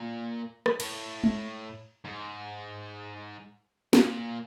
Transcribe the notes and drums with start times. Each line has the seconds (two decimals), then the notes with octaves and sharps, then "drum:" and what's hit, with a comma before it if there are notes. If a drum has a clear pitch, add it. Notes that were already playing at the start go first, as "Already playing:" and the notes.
Already playing: A#2
0.66 drum: rim click
0.80 A2, drum: cymbal
1.24 drum: tom G#3
2.05 G#2
3.93 A#2, drum: snare